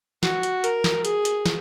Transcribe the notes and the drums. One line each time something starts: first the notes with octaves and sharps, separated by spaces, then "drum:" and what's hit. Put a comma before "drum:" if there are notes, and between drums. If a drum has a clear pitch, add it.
F#4, drum: snare
drum: hi-hat
A#4, drum: hi-hat
drum: snare
G#4, drum: hi-hat
drum: hi-hat
drum: snare